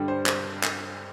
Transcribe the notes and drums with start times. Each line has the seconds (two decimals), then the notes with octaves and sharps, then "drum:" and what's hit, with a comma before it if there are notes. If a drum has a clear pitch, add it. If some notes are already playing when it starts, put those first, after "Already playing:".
Already playing: G2 D3 G3
0.08 C5
0.26 C5, drum: clap
0.64 drum: clap